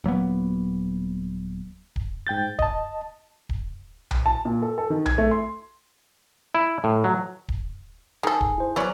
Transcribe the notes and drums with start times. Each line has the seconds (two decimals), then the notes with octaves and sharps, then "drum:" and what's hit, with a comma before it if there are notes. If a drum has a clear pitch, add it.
0.04 D#1 F#3 A#3 B3
1.96 drum: kick D1
2.27 G#2 G5 G6 A6
2.59 D#5 A5, drum: kick D1
3.49 drum: kick D1
4.11 drum: tom B1
4.26 A5
4.45 A#2
4.62 A4
4.78 A4
4.90 D#3
5.06 G#6, drum: tom B1
5.18 A3
5.31 C6
6.55 E4
6.84 A2
7.04 F#3
7.49 drum: kick D1
8.23 D#3 G#4 A4
8.41 drum: kick D1
8.58 E4 C5
8.76 F#3 B3 C#4 D5 A#5